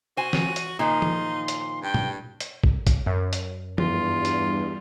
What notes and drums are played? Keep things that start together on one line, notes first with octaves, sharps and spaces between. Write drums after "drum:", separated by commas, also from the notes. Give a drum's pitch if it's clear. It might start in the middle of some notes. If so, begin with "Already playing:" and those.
F#4 C5 G#5 D#7
drum: snare
drum: hi-hat
A#2 D#3 F3 D#4 C6
drum: tom
drum: hi-hat
G2 G5
drum: tom
drum: hi-hat
drum: kick
drum: kick, hi-hat
F#2
drum: hi-hat
E2 G2 F4, drum: tom
drum: hi-hat